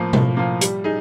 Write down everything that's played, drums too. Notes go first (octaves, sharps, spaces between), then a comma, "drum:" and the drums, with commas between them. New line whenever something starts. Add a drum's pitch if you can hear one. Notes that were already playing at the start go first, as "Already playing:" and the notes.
Already playing: A2 F3 A#3
A2, drum: tom B2
F3 A#3
G3, drum: hi-hat
D#4 G#4